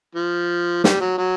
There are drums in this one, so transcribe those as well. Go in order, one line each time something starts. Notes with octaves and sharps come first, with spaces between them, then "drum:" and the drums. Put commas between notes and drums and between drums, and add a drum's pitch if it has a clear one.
F3
G3, drum: snare
F#3
F#3